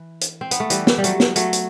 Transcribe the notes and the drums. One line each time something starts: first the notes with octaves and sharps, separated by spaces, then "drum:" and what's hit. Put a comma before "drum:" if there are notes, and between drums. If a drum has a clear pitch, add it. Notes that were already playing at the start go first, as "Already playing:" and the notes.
Already playing: E3
drum: hi-hat
C4
B3, drum: hi-hat
A3
E3 G3, drum: hi-hat
drum: snare
G3
F#3 A3, drum: hi-hat
drum: snare
F#3 A3, drum: hi-hat
drum: hi-hat